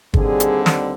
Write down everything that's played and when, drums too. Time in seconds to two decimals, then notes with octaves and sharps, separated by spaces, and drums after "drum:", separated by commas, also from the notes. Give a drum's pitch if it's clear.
0.14 D#2 D3 G3 C4 G#4, drum: kick G1
0.40 drum: hi-hat
0.66 drum: snare